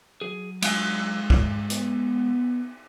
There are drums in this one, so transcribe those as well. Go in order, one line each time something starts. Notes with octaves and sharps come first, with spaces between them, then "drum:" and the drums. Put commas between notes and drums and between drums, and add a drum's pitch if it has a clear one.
F#3 G#4
G#3 F5 G#5, drum: cymbal
drum: kick
B3, drum: hi-hat